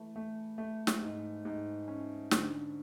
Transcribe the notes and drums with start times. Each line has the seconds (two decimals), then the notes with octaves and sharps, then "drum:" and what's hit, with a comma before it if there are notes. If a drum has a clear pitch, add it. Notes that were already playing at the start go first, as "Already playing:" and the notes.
Already playing: E3 A3
0.16 A3
0.58 A3
0.87 drum: snare
1.02 G#2
1.45 G#2
1.88 C#4
2.31 D3, drum: snare